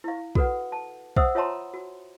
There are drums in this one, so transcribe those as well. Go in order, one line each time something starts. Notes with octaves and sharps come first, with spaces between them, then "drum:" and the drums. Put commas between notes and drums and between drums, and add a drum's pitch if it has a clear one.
E4 F5
F#4 A4 B4 F#5, drum: kick
A5
C5 E5 F#5 D#6 E6, drum: kick
F4 C#5 E5 A5 A#5 C6
F#4